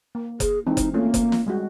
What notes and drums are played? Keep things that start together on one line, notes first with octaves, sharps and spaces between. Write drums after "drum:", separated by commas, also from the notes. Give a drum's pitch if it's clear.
A#3
G#4, drum: kick F#1, hi-hat
E3 G#3 C4 D#4
drum: kick F#1, hi-hat
A3 A#3 C#4 F4
drum: kick F#1, hi-hat
drum: snare
G3 G#3 F#4